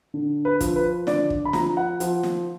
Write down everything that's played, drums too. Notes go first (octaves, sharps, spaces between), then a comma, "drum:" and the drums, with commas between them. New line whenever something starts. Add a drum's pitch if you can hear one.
D3
B4
F3, drum: kick, hi-hat
B4
D3 D5, drum: snare
drum: kick
B5
F3 A#5, drum: snare
F#5
F3, drum: hi-hat
drum: snare